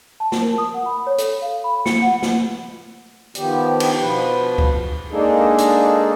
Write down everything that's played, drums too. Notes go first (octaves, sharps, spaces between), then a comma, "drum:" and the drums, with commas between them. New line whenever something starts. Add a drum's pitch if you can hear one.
A5
drum: snare
A#4
D#6
F#5
B5
C#5
A4, drum: hi-hat
F5
B5
C#7, drum: snare
F#5
drum: snare
D#3 F3 B3 G4, drum: hi-hat
drum: cymbal
B2 F3 B4
drum: kick C#2
G#3 A#3 D4 D#4 G#4 A4
drum: hi-hat